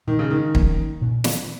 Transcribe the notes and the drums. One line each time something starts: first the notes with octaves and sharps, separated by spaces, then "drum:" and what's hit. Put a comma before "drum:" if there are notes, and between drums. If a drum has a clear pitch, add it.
A#2 D#3
C#3
D#3
F3 A#3 C#4, drum: kick
A#2
drum: snare